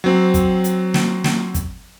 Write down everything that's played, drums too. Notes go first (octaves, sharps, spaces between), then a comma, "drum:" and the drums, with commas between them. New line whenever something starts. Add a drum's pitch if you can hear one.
F#3 C4
drum: kick, hi-hat
drum: hi-hat
drum: snare
drum: snare
drum: kick, hi-hat